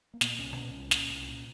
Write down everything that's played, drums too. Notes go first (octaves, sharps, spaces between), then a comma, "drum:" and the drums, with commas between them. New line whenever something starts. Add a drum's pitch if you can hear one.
A#3
A#2 B3, drum: snare
C2 C#4
A#2 C#4
C2
A#2, drum: snare
C2
A#2